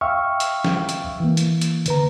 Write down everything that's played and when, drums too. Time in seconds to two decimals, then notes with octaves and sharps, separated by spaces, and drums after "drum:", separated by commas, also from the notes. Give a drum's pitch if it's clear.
0.01 E5 F5 G5 C#6 E6 F6
0.40 drum: hi-hat
0.64 drum: snare
0.89 drum: hi-hat
1.20 E3 A#3
1.37 drum: hi-hat
1.61 drum: hi-hat
1.86 D3 B4 A#5, drum: hi-hat